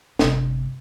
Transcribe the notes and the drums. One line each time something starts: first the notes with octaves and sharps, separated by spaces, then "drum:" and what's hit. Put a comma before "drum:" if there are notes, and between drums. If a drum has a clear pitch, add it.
G1 C3, drum: snare